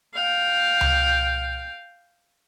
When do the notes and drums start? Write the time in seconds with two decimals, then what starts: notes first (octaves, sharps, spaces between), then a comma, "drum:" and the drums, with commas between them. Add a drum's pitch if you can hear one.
0.14 F5 G5
0.81 drum: tom C#2